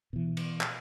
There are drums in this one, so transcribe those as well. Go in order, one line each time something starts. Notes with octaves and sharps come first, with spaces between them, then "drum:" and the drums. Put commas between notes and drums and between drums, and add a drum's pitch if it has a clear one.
B2 E3
drum: cymbal
drum: clap